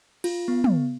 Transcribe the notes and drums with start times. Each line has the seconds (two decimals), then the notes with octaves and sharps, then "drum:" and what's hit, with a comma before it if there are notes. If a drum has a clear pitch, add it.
0.24 F4, drum: cymbal
0.48 B3
0.64 drum: tom